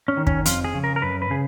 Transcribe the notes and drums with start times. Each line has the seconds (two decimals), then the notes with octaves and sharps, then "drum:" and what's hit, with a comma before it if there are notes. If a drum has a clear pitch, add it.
0.08 C#4
0.17 D#3
0.27 C#4, drum: kick
0.45 F2 F4, drum: hi-hat
0.64 G#4
0.74 C#3
0.84 A#4
0.96 A#4
1.02 F#2 B4
1.22 B4
1.30 C#3 G#4